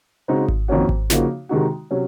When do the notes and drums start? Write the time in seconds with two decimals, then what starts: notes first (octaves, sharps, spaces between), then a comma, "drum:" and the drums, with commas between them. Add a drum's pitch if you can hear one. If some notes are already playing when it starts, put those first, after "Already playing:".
0.28 C#3 G#3 C4 D#4 F#4
0.48 drum: kick G#1
0.68 F2 D#3 A#3 C#4 F#4
0.89 drum: kick G#1
1.10 C#3 F3 A#3 D#4 F#4, drum: snare
1.49 C3 D#3 G#3 D#4 F#4
1.91 C3 F#3 C#4